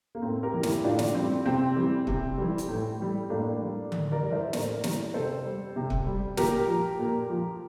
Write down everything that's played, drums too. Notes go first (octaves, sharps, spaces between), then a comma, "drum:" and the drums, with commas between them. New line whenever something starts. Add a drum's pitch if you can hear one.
A#3
A2 C4
G4 A#4
E3 G3
E4 G4, drum: snare
A2 D4 F4
drum: snare
E3 G3 C4
C3 C4
E3 G3
C3, drum: kick
E3 G3
drum: hi-hat
A2
E3 G3
A2 A#3 D4
E3 G3
A2, drum: tom D3
A#4 D5
E3 G3
C5 E5
A2 A#4 D5, drum: snare
E3 G3, drum: snare
C3 A4 C5
G3
C3
drum: kick
G3
A#2 G4 A#4, drum: snare
F3
A#2
F3